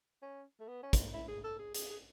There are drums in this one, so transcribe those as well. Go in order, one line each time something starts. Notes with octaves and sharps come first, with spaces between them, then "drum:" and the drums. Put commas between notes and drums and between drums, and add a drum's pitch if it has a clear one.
C#4
A3
B3
C#4
drum: kick, hi-hat
E4
G#4
A4
G#4
G#4, drum: hi-hat
G#4